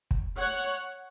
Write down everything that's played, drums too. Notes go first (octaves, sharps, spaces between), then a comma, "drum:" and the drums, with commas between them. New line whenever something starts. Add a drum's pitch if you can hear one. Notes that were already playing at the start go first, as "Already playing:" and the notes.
drum: kick
C#5 F#5